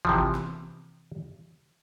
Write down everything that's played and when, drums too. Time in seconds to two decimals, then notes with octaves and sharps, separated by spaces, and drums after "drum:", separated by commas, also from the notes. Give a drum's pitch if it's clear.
0.05 C3 E3 F3, drum: kick
0.35 drum: snare